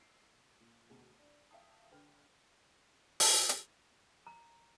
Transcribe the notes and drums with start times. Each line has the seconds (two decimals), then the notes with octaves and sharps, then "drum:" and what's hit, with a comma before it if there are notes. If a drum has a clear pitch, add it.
0.01 E6 C7 D7
0.60 A#2
0.90 D2 B2 G#4
1.19 D4
1.51 E5 F5 G5 A5 D#6
1.91 D3 B4 G5 F6
3.20 drum: open hi-hat
3.49 drum: hi-hat
4.27 A#5